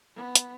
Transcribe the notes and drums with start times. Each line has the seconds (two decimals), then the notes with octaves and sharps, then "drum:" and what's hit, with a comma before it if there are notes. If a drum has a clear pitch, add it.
0.16 B3
0.35 drum: hi-hat